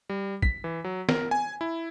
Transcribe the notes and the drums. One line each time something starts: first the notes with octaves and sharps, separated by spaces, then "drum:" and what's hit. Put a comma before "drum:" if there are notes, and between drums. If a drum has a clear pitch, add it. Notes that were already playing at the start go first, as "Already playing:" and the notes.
G3
B6, drum: kick
E3
F#3
A#4, drum: snare
G#5
E4